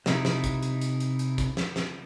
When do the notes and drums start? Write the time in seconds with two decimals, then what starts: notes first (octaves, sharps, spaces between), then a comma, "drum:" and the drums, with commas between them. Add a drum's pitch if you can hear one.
0.06 C3 D#4 E4, drum: snare
0.25 drum: snare
0.44 drum: kick, hi-hat
0.63 drum: hi-hat
0.81 drum: hi-hat
1.00 drum: hi-hat
1.19 drum: hi-hat
1.38 drum: kick, hi-hat
1.57 drum: snare
1.76 drum: snare